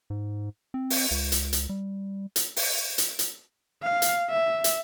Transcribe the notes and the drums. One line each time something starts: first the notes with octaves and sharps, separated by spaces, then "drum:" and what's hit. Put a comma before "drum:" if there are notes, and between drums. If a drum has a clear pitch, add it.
G#2
C4
drum: open hi-hat
C#2
drum: hi-hat
drum: hi-hat
G3
drum: hi-hat
drum: open hi-hat
drum: hi-hat
drum: hi-hat
F5
drum: hi-hat
E5
drum: hi-hat